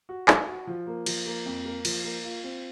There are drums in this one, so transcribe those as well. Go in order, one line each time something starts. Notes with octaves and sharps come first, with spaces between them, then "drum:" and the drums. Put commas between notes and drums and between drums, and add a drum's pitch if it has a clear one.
F#4
F#4, drum: clap
F#4
F3
A#3
F3, drum: cymbal
A#3
F2
A#3
F3, drum: cymbal
A#3
F4
C4